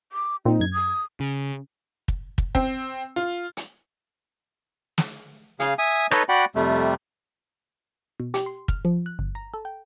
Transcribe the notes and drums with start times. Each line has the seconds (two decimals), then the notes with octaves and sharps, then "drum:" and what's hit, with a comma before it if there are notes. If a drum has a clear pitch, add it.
0.12 D6
0.45 A#2 C4 D#4
0.60 F#2 G#6
0.73 D#6
1.20 C#3
2.08 drum: kick
2.38 drum: kick
2.55 C4, drum: kick
3.16 F4
3.57 drum: hi-hat
4.98 drum: snare
5.60 C#3 G#4 F5, drum: hi-hat
5.78 E5 G#5 D#6
6.11 D#4 A4 B4 C#5 D#5, drum: rim click
6.29 F#4 D5 F#5 G5 B5
6.55 F2 C3 G3 A3
8.20 B2
8.34 G4, drum: hi-hat
8.46 C6
8.68 F6, drum: kick
8.85 F3
9.06 F#6
9.19 G1
9.35 A#5
9.54 A4
9.65 G5